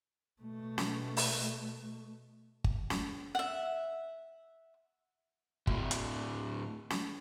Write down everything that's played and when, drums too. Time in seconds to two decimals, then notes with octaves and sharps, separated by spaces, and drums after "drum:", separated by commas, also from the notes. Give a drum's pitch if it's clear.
0.41 B2 A3
0.78 drum: snare
1.17 drum: open hi-hat
2.64 drum: kick G1
2.90 drum: snare
3.35 E5 F#5
5.67 D2 A2, drum: kick G1
5.91 drum: hi-hat
6.90 drum: snare